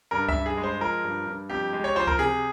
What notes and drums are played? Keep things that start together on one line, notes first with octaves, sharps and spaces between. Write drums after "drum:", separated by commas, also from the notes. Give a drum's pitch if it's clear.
G2 A#4
E5, drum: kick C#2
G2
G#4
G#3
C5
F3 A#4
G2
G2
F2 G4
G#3
C#5
F3 C5
A#4, drum: kick C#2
C3 G#4